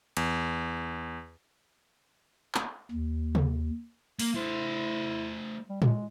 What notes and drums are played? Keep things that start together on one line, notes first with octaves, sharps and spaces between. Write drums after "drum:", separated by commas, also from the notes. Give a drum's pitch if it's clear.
E2, drum: cymbal
drum: clap
D#2
drum: tom C3
A#3, drum: open hi-hat
A3 E4 C5
G3
G#3, drum: tom A2